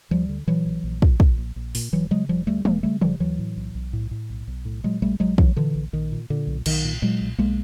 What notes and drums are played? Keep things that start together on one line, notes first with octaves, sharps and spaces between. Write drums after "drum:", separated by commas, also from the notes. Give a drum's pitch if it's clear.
D2 F3 G3
D3
A#2 E3 F#3
A#1
A#1
A#2, drum: kick
A#2, drum: kick
A#1
A#1
A#2, drum: open hi-hat
E1 E3 F#3
C#3 F#3 G#3
E1 F3 G3
D2 G3 A3
E1 G#3 A#3, drum: tom
C#3 G3 A3
E1 F3 G3, drum: tom
D2 E3 F#3
A2
B1
B1
A2
A2
B1
B1
A2
A#2 F#3 G#3
A#1 G3 A3
A#1 F#3 G#3
A#2 E3 F#3, drum: kick
A#2 D3 E3
A#1
A#1 D#3
A#2
A#2 D3
B1
B1 D#3, drum: cymbal
A#2
A#2 F#3 G#3
B1
B1 G#3 A#3